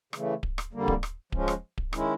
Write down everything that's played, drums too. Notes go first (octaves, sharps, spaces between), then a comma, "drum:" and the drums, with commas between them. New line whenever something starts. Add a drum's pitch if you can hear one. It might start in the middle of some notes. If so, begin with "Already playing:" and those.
C#3 E3 A3, drum: rim click
drum: kick D1
drum: rim click
F2 D3 G3 A#3
drum: kick D1
drum: rim click
F3 G#3 C#4, drum: kick D1
drum: rim click
drum: kick D1
D#3 G#3 C#4 E4, drum: rim click